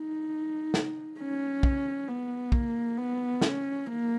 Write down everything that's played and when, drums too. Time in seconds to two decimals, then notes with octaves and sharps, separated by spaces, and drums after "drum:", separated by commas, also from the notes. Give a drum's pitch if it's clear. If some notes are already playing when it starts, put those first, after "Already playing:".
Already playing: D#4
0.74 drum: snare
1.19 C#4
1.63 drum: kick
2.08 B3
2.52 A#3, drum: kick
2.98 B3
3.42 C#4, drum: snare
3.87 A#3